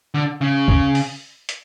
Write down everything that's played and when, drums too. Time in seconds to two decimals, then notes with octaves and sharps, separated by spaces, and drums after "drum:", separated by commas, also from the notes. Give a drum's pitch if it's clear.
0.14 D3
0.41 C#3
0.68 drum: kick
0.95 drum: open hi-hat
1.49 drum: hi-hat